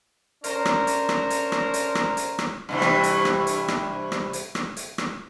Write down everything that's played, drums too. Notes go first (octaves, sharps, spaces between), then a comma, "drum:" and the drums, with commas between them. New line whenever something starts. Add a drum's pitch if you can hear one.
C#4 D4 A#4 C5 C#5 A#5, drum: hi-hat
drum: rim click
drum: hi-hat
drum: rim click
drum: hi-hat
drum: rim click
drum: hi-hat
drum: rim click
drum: hi-hat
drum: rim click
G2 C3 E3
drum: rim click
drum: hi-hat
drum: rim click
drum: hi-hat
drum: rim click
drum: rim click
drum: hi-hat
drum: rim click
drum: hi-hat
drum: rim click